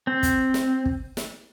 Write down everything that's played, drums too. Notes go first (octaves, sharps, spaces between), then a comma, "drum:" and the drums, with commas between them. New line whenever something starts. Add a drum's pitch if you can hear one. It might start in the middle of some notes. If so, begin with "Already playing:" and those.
C4
drum: kick, hi-hat
drum: snare
drum: kick
drum: snare